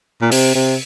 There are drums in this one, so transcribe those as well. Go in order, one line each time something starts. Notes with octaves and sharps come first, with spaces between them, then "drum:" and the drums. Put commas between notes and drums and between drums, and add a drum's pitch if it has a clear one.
A#2
C3, drum: open hi-hat
C3